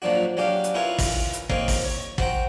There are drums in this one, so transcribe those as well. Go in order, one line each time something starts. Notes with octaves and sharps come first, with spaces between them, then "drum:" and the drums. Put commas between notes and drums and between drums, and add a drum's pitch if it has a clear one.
A#2 F3 F#3 D4 F#4
F#3 C#4 D4 G4 F5
drum: hi-hat
C#4 E4 F4 A#4 B4 C#5
drum: kick, open hi-hat
drum: hi-hat
A#3 C4 D#4 A#4 C#5, drum: kick
drum: kick, open hi-hat
C#5
F#4 C5 F#5 G5 A#5, drum: kick